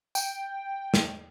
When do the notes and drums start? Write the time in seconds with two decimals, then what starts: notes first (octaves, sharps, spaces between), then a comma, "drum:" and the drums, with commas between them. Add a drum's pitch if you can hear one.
0.15 G5, drum: tambourine
0.94 drum: snare